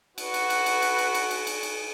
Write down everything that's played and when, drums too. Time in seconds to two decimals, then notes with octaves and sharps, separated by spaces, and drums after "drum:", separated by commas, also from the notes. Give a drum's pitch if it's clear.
0.18 F#4 B4, drum: cymbal
0.34 drum: cymbal
0.50 drum: cymbal
0.66 drum: cymbal
0.82 drum: cymbal
0.98 drum: cymbal
1.14 drum: cymbal
1.31 drum: cymbal
1.47 drum: cymbal
1.63 drum: cymbal